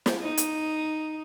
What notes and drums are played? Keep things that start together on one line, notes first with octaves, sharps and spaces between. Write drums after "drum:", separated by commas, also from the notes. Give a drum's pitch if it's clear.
drum: snare
D#4
drum: hi-hat